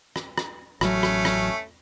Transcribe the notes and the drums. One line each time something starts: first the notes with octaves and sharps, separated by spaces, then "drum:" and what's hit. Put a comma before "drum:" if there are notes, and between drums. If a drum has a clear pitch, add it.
drum: rim click
drum: rim click
A1 F#3 A3 C#4, drum: rim click
drum: rim click
drum: rim click